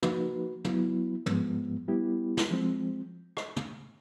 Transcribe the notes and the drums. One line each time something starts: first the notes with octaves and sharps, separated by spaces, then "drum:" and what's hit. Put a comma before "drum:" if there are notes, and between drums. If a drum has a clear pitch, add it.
F3 A#3 D#4 F#4 B4, drum: tom
F#3 B3 E4, drum: tom
G#2 F3 G#3 B3, drum: tom
G3 B3 E4 G4
drum: snare
F3 G#3 C4
drum: rim click
drum: tom